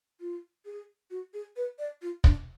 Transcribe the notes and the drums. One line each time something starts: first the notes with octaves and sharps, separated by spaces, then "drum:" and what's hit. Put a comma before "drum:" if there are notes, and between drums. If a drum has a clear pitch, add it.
F4
G#4
F#4
G#4
B4
D5
F4
D4, drum: kick